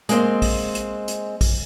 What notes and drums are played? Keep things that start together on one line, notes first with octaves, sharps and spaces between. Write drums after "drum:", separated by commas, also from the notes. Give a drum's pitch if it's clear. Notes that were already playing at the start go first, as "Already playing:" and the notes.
G#3 A#3 C4 D#5, drum: hi-hat
drum: kick, open hi-hat
drum: hi-hat
drum: hi-hat
drum: kick, open hi-hat